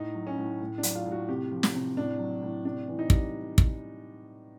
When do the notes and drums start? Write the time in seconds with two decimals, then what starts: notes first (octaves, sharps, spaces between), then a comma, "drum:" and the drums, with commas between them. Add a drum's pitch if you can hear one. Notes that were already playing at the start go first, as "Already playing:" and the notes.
Already playing: A2 D#4
0.15 F#3
0.27 C#4
0.38 A2
0.61 A2
0.78 D4
0.83 F#3, drum: hi-hat
0.95 F4
1.06 A2
1.12 F#4
1.29 C3 G4
1.51 F3
1.63 drum: snare
1.75 C3
1.97 A2 D4
2.19 F#3
2.42 A2
2.65 C3 D4
2.88 E3
2.99 D#4
3.10 G3, drum: kick
3.58 drum: kick